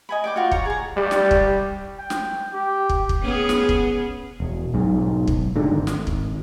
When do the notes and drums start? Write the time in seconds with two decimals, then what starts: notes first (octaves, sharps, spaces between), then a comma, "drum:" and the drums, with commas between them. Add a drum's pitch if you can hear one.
0.09 D#5 G#5 B5
0.24 D5 G5 D6
0.36 F4 F#4
0.51 C#5 A#5, drum: kick
0.65 G#4 A#5
0.97 G3
1.11 drum: snare
1.31 drum: kick
1.99 G5
2.10 drum: snare
2.54 G4
2.89 drum: kick
3.09 drum: kick
3.22 B3 C#4 G#4
3.49 drum: snare
3.69 drum: kick
4.40 E1
4.74 B1 G#2
5.27 drum: kick
5.56 G#2 D3
5.70 G#1
5.87 drum: snare
6.07 drum: kick